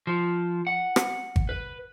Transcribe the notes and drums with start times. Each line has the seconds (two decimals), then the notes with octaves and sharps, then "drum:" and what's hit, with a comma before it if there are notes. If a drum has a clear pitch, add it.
0.07 F3
0.67 F#5
0.96 drum: rim click
1.36 drum: kick G#1
1.49 B4